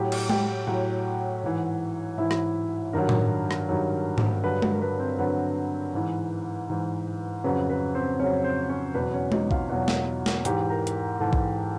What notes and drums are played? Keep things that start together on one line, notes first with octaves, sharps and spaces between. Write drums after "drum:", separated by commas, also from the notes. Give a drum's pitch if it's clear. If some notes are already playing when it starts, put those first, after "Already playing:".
Already playing: A2 F#3 G4 G5
drum: cymbal
G4 G5, drum: tom G#3
A2 F#3 F#4 F#5
G#2 E3
G#2 E3 E4 E5
drum: rim click
G2 D#3 F#3 A#4
drum: tom A2
drum: rim click
G2 D#3 F#3
drum: tom
G2 D3 F#3 B4
B4, drum: tom G#3
A#4
B4
C4 C5
G2 D3 F#3 B4
G#2 E3
G#2 E3
F2 C#3 F#3 B4
B4
C4 C5
F2 C#3 F#3 C#4 C#5
C4 C5
C#4 C#5
E2 B2 F#3 B4
C#4 C#5
D#4 D#5, drum: tom G#3
F4 F5, drum: kick A#1
E2 B2 F#3 F#4 F#5
drum: snare
drum: snare
G#2 E3 G4 G5, drum: hi-hat
A#4 A#5
drum: hi-hat
G#2 E3 A4 A5
drum: kick A#1